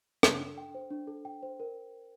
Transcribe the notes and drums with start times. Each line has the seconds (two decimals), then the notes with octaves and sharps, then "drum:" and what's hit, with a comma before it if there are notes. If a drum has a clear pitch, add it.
0.23 D4, drum: rim click
0.40 A4
0.58 G5
0.75 C5
0.91 D4
1.07 A4
1.25 G5
1.43 C5
1.60 A#4